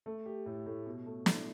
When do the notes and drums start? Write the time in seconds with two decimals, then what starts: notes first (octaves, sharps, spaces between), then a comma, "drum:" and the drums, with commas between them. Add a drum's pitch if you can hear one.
0.06 A3
0.26 G4
0.46 A2
0.66 A2
0.86 B2
1.06 A3
1.26 E4, drum: snare